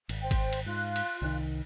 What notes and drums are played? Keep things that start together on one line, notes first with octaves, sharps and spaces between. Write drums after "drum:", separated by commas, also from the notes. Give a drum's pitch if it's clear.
G#1, drum: cymbal
C5 G5
drum: kick, cymbal
drum: cymbal
G#2 F4 F#6
drum: cymbal
C2 D#3